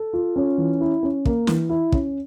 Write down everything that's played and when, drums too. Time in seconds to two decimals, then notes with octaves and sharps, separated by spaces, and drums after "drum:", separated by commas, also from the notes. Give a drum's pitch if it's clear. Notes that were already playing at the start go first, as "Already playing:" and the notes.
Already playing: A4
0.13 F4
0.36 C#4
0.58 E3
0.81 E4
1.03 C#4
1.25 A#3, drum: kick
1.47 E3, drum: snare
1.70 E4
1.92 C#4, drum: kick